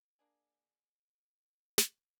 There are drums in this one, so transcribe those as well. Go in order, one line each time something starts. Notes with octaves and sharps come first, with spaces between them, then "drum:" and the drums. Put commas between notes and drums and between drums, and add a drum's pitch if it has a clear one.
A#3 D4 G#4
drum: snare